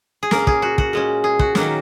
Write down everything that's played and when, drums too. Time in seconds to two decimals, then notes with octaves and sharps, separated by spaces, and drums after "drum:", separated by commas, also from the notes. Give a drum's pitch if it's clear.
0.23 G#4
0.31 A#2 A#3 C#4 A#4, drum: snare
0.47 G#4, drum: kick
0.62 F#4
0.78 F#4, drum: kick
0.93 A#2 G#3 C#4
1.24 G#4
1.39 F#4, drum: kick
1.55 D#3 F#3 A#3 C#4 F#4, drum: snare